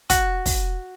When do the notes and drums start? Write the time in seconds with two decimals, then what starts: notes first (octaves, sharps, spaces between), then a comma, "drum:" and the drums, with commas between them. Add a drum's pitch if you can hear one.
0.10 F#4, drum: kick, hi-hat
0.46 drum: kick, open hi-hat